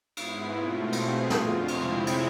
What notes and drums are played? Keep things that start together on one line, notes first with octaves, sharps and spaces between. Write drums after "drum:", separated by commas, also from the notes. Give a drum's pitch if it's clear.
G#2 G#3 B3 E4, drum: cymbal
B2 A3 C4 F4
B2 A3 C4 G#4, drum: cymbal
F2 D3 F3 F4, drum: snare
C3 G#3 C4 E4, drum: cymbal
drum: cymbal